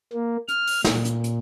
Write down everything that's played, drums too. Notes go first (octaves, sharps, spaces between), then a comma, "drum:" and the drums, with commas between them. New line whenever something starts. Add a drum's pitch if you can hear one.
A#3
F6, drum: hi-hat
drum: open hi-hat
A#2, drum: snare
drum: hi-hat
drum: hi-hat